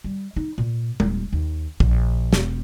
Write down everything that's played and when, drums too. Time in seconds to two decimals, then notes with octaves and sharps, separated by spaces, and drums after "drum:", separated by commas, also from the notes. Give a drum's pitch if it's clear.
0.04 G3
0.36 D#4
0.58 A#2
1.00 D#1, drum: tom G#3
1.33 D#2
1.80 A#1, drum: kick
2.33 E1, drum: snare